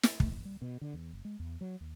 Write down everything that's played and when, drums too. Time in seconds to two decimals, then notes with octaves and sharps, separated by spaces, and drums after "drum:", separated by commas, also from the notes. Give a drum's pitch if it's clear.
0.03 drum: snare
0.20 A3, drum: kick
0.32 F#1
0.45 G3
0.62 B2
0.81 D3
0.94 E2
1.13 F#1
1.25 G#3
1.39 E2
1.61 F#3
1.81 D#2